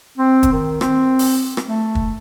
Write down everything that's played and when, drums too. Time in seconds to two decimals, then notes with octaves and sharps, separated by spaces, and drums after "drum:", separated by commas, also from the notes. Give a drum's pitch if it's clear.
0.17 C4
0.43 drum: kick, hi-hat
0.52 D#3
0.81 C4, drum: rim click
1.19 drum: open hi-hat
1.57 drum: rim click
1.67 A3
1.95 drum: kick